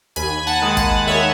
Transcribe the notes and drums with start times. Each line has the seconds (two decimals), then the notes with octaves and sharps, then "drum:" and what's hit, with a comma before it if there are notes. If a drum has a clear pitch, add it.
0.16 D#2 G#5 B5, drum: hi-hat
0.47 F#5 A5
0.62 D#3 G#3
0.77 F#5 A5, drum: kick, hi-hat
1.07 D#2 C#5 E5